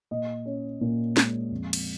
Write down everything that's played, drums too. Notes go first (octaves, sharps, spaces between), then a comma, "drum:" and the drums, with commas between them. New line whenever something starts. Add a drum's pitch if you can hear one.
A#2 D#5
C#4
A#2
G#3, drum: snare
F2
drum: cymbal